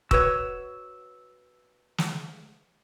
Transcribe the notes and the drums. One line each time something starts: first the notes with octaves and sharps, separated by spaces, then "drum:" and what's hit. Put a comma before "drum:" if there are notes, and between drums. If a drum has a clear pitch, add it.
F#4 B4 C#5 E6, drum: kick D#1
drum: snare